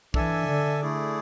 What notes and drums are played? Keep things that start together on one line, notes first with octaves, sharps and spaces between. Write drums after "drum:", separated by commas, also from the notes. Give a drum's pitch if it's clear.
E3 D4 A4 E5 G#5, drum: kick
D3
A3 E4 G#4 D5